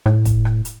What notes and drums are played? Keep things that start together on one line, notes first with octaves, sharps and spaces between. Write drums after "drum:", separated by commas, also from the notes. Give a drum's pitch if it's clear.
A2, drum: rim click
drum: kick, hi-hat
drum: rim click
drum: hi-hat